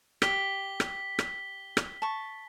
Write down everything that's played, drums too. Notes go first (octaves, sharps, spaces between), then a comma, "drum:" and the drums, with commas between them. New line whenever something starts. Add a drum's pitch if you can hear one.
G4 B6 G7, drum: rim click
drum: rim click
drum: rim click
drum: rim click
A5 C#6